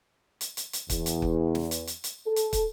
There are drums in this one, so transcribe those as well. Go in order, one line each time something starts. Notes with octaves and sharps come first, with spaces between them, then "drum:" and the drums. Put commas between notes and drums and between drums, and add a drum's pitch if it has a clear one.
drum: hi-hat
drum: hi-hat
drum: hi-hat
E2, drum: kick, hi-hat
drum: hi-hat
drum: kick
drum: snare
drum: hi-hat
drum: hi-hat
drum: hi-hat
A4
drum: hi-hat
drum: kick, hi-hat